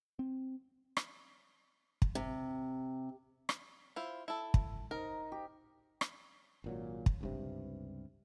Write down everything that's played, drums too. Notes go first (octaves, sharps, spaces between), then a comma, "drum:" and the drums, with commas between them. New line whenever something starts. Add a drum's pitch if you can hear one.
C4
drum: rim click
drum: kick
C3
drum: rim click
E4 F4 C5
E4 A4
drum: kick
D#4 A#4
G4
drum: rim click
G#1 A#2 F#3
drum: kick
C#2 G2 C3